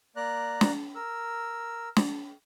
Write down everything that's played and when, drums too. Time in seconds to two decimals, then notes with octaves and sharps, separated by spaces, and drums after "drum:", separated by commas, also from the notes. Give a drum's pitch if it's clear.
0.16 A#3 D5 A#5 F#6
0.61 drum: snare
0.95 A#4 E6
1.97 drum: snare